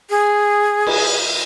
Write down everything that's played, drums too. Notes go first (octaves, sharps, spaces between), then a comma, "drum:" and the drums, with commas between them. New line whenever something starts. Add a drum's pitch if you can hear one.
G#4
drum: cymbal